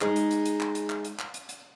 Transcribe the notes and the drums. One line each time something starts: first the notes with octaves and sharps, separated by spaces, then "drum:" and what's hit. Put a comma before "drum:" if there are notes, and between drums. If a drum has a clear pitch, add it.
G#3 D#4 G#4, drum: clap
drum: hi-hat
drum: hi-hat
drum: hi-hat
drum: clap
drum: hi-hat
drum: clap
drum: hi-hat
drum: clap
drum: hi-hat
drum: hi-hat